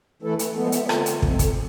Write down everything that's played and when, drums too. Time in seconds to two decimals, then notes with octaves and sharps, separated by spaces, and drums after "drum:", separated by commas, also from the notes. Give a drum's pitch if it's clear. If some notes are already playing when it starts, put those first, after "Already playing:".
0.22 E3 A3 E4 A4 B4
0.39 drum: hi-hat
0.56 F3 G#3 B3 A4
0.72 E5, drum: hi-hat
0.89 D3 A3 C4 F4 A4, drum: rim click
1.06 drum: hi-hat
1.22 F3 G#3 C4, drum: kick
1.39 drum: kick, hi-hat